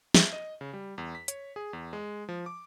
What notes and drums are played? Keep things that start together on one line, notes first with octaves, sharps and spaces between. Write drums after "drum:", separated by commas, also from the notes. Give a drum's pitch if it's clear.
E5, drum: snare
D#5
C#3
G3
E2
B6
C#5, drum: hi-hat
G#4
E2
G#3
F3
D6